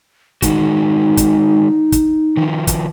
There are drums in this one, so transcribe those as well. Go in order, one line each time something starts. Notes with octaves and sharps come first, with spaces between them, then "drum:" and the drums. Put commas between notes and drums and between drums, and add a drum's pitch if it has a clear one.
D#3 G#3 D#4 F#4, drum: kick, hi-hat
drum: kick, hi-hat
drum: kick, hi-hat
D#3 F3
drum: kick, hi-hat